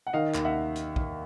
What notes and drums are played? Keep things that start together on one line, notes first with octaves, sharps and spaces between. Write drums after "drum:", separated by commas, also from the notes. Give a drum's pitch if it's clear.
F#5
D#3 D#5 F5
D#2, drum: clap
E5 F#5
drum: hi-hat
drum: kick